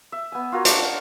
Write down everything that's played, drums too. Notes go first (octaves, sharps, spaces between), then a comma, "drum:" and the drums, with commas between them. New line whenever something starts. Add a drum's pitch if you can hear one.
E5
B3 G#5
F4 F#4 A#4 C#5
D4, drum: hi-hat